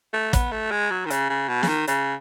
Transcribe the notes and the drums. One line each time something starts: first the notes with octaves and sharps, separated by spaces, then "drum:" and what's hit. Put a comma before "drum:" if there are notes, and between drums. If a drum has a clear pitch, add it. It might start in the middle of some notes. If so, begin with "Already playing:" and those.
A3
B3, drum: kick, hi-hat
A3
G#3
F#3
D#3
C#3, drum: hi-hat
C#3
B2
C#3, drum: snare
D#3
C#3, drum: hi-hat